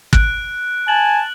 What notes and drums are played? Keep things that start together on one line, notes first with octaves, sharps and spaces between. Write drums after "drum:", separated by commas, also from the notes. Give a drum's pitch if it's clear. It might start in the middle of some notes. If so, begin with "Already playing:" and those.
F#6 D7, drum: kick
G#5 A5 F#7